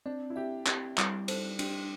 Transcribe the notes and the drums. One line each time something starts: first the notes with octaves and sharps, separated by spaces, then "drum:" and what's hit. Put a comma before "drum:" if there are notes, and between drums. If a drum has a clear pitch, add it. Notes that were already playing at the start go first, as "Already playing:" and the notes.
C4 D4
E4
G4 E5
C4 G4, drum: clap
G3 E4, drum: clap
A4 C5, drum: cymbal
D4 G4, drum: cymbal